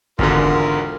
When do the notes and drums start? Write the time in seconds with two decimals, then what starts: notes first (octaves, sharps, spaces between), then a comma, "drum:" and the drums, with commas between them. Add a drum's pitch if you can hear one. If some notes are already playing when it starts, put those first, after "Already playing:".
0.19 G#1 E2 D3 F4 F#4 A#4, drum: kick